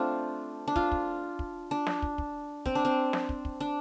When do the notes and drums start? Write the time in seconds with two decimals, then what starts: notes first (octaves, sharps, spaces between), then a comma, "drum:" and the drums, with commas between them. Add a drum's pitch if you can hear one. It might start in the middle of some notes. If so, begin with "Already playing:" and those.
Already playing: A3 C4 D4 F4
0.68 D4
0.76 F4, drum: kick
0.92 drum: kick
1.39 drum: kick
1.71 D4
1.87 drum: snare
2.02 drum: kick
2.18 drum: kick
2.66 C4, drum: kick
2.75 D4
2.85 C4
3.13 drum: snare
3.29 drum: kick
3.45 drum: kick
3.60 D4